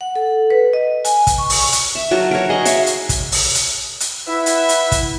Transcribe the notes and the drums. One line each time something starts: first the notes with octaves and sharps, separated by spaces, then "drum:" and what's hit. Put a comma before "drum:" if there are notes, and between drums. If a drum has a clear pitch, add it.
F#5
A4
B4
D#5
G#5, drum: hi-hat
drum: kick, hi-hat
C#6
drum: open hi-hat
drum: hi-hat
E5
F#3 F#4 A#4 A5
A#4 C#5
G#4 D#5 F#5 A#5
C#5 E5 F5, drum: hi-hat
drum: hi-hat
drum: kick, hi-hat
drum: open hi-hat
drum: hi-hat
drum: hi-hat
E4 B4 E5 F#5
drum: hi-hat
drum: hi-hat
drum: kick, hi-hat